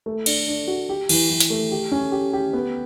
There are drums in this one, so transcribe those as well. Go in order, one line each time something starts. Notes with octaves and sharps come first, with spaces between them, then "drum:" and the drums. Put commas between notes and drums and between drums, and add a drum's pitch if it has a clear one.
A3
D4, drum: cymbal
D4
F#4
G4
E3, drum: cymbal
E3
drum: hi-hat
A3
G4
C#4
G4
G4
B3